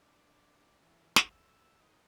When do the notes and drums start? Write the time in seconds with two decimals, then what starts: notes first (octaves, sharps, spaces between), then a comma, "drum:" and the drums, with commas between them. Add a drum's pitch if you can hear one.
0.02 D4
0.82 E3
1.16 drum: snare
1.31 E6
1.81 D#4